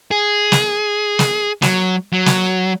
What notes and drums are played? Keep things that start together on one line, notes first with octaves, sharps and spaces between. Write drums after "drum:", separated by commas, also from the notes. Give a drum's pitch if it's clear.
G#4
drum: snare
drum: snare
F#3, drum: snare
F#3
drum: snare